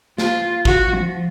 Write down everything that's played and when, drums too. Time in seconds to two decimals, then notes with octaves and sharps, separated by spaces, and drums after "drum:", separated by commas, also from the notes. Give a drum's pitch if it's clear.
0.18 F4, drum: snare
0.65 F#4, drum: kick
0.97 F3